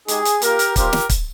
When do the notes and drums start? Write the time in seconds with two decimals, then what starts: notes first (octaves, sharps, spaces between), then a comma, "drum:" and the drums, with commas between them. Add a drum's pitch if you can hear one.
0.08 G#3 D#4 G4 G#4, drum: hi-hat
0.25 drum: hi-hat
0.42 A#3 F4 G4 A#4, drum: hi-hat
0.59 drum: hi-hat
0.76 G3 C4 F4 G4 A#4, drum: kick, hi-hat
0.93 drum: snare
1.09 drum: kick, hi-hat